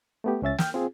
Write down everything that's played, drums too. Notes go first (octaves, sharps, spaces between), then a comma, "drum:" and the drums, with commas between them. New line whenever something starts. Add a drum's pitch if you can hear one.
A3 B3 G4
C#2 C#4 E5 A6
G5 F6 G6, drum: snare
C4 F4 G#4